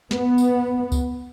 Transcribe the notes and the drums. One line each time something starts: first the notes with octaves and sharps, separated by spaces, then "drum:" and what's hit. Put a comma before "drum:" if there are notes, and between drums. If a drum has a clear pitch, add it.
B3, drum: snare
drum: tambourine
drum: kick C#2, tambourine